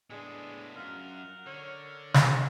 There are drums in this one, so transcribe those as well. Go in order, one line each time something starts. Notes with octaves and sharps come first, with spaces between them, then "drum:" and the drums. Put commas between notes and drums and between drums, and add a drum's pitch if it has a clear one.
A2 G#3 B3 D4
F#2 F4 A#4 F#5
D3 C#5
drum: snare